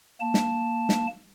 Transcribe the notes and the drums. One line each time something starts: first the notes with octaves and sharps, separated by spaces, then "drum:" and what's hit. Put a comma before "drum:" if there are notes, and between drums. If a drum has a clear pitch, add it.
A#3 A5
drum: snare
drum: snare